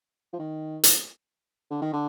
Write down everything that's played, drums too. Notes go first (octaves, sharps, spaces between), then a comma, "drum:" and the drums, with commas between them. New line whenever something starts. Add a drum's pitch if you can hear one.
F3
D#3
drum: hi-hat
D3
D#3
D3